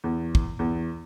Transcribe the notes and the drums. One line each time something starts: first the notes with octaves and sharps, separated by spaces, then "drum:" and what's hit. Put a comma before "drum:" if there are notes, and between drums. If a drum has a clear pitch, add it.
E2
drum: kick
E2